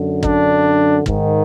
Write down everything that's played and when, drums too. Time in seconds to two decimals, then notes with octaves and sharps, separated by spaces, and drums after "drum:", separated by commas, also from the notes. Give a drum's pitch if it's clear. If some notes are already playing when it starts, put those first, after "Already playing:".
Already playing: F#2 D3
0.23 D4, drum: kick
1.06 G#2 D#3, drum: kick